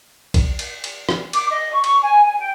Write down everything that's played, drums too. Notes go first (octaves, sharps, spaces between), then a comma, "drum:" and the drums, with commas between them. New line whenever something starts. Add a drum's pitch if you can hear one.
drum: kick B1, cymbal
drum: cymbal
drum: cymbal
drum: rim click
D6, drum: cymbal
D#5
C#6
C#6, drum: cymbal
G#5
G#5
G5